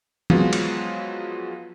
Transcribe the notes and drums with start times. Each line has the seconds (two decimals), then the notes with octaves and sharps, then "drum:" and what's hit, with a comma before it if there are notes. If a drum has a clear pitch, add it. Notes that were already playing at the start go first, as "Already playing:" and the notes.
0.30 F3 F#3 G#3 B3 F4, drum: tom E3
0.53 drum: cymbal